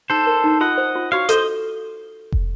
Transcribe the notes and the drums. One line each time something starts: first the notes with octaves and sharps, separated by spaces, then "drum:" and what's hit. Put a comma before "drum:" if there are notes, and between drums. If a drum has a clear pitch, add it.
D#4 A4 C5
A#4
D#4
F4 D#5 F#5
C5
F4
F#4 C#5 F5
A4 C5 D#5, drum: hi-hat
drum: kick F1